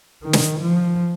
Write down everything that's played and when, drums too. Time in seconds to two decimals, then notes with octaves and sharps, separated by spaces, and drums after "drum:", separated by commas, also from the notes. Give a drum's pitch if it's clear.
0.24 D#3
0.33 drum: snare
0.60 F3